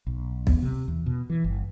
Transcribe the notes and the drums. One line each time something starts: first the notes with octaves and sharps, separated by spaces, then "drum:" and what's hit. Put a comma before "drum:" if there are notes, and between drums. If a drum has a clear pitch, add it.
B1
B3, drum: kick
C3
E2
B2
E3
G1